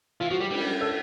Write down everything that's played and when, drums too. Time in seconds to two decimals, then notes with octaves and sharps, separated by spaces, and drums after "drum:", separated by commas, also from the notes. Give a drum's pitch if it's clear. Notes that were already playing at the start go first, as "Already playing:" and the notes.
0.20 E3 F4
0.30 F3 F#4
0.40 G3 G4
0.51 G3, drum: cymbal
0.81 A4